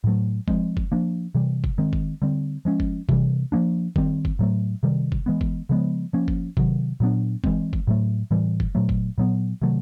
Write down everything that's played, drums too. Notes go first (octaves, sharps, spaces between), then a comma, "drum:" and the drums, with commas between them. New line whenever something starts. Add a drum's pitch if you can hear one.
A2 F#3 A3
F3 G#3 C4, drum: kick F#1
drum: kick F#1
F3 A#3 D4
C3 E3 G3
drum: kick F#1
D#3 G#3 C4
drum: kick F#1
D3 G3 C4
F3 G#3 C#4
drum: kick F#1
C3 E3 G3, drum: kick F#1
F3 A#3 D4
D#3 G3 C4, drum: kick F#1
drum: kick F#1
A2 F#3 A3
C3 D#3 G3
drum: kick F#1
E3 G#3 B3
drum: kick F#1
C#3 F3 G#3 B3
F3 A#3 C#4
drum: kick F#1
C3 D#3 F#3, drum: kick F#1
A#2 F#3 B3 D4
E3 G#3 C4, drum: kick F#1
drum: kick F#1
A2 F#3 A3
A2 E3 G3
drum: kick F#1
A#2 F#3 A3
drum: kick F#1
A#2 F#3 B3
C3 D#3 F#3 A3